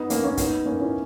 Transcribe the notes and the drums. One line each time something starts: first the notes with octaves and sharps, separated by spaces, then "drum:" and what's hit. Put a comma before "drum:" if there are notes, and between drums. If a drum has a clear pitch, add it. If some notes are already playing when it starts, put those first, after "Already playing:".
Already playing: B3 D#4
A#3 C#4, drum: hi-hat
A#3 C#4
B3 D#4, drum: kick, hi-hat
A#3 C#4
C#4 E4